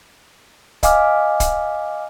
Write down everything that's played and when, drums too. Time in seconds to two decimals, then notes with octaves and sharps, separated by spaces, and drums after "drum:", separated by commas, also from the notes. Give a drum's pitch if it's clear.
0.83 D#5 F5 G#5 D6 F6, drum: kick, hi-hat
1.40 drum: kick, hi-hat